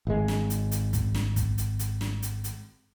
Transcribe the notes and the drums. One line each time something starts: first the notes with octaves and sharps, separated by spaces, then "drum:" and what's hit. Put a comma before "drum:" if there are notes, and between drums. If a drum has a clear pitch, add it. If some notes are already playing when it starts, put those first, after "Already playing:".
G#1 G#3
drum: snare
drum: hi-hat
drum: hi-hat
drum: kick, hi-hat
drum: snare
drum: kick, hi-hat
drum: hi-hat
drum: hi-hat
drum: snare
drum: hi-hat
drum: hi-hat